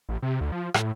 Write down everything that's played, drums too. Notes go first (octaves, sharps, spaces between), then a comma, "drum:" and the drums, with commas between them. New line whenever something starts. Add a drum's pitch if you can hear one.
A1
C3
D2
F3
A2, drum: rim click